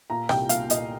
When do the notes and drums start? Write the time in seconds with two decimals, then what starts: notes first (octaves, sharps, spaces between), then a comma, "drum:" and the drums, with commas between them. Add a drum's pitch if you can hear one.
0.10 A#2 A#5
0.29 C2 G5, drum: rim click
0.49 A#2 F5, drum: hi-hat
0.70 A#2 D#5, drum: hi-hat